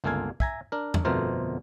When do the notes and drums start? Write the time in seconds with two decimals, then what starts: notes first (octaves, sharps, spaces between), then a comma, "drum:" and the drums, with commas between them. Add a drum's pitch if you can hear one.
0.04 G1 C#2 A#3 A4 F5 G#5
0.40 E5 G#5 A#5, drum: kick
0.72 D4 A#4
0.94 drum: tom E2
1.05 G1 F2 B2 A3 A#4 C5